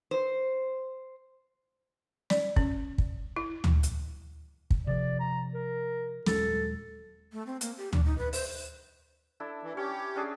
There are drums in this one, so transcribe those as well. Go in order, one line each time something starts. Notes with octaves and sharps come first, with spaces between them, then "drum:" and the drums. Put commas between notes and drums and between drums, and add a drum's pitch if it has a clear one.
C5
D5, drum: snare
C#4, drum: kick
drum: kick
E4
drum: tom D2
drum: hi-hat
drum: kick
C3 F3 D5
A#5
A#4
D#1 F#3 G#3 A4, drum: snare
A3
C4
A#3, drum: hi-hat
G4
D4, drum: tom D2
D#4
B4
C5, drum: open hi-hat
D4 E4 A4
E3
C#4 G4 C#5
C#4 D4 G#4